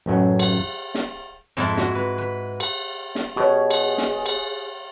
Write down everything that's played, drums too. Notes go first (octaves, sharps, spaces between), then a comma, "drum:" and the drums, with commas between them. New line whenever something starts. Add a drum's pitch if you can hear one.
A1 F#2 F#3
drum: cymbal
drum: snare
F2 G#2 E4 A5 C6
F#4, drum: snare
B4
B4
drum: cymbal
drum: snare
B2 G4 G#4 C#5
drum: cymbal
drum: snare
drum: cymbal